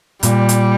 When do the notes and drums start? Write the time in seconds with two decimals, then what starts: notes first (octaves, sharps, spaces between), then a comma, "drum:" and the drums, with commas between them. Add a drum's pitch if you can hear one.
0.23 A#2 G3, drum: hi-hat
0.49 drum: hi-hat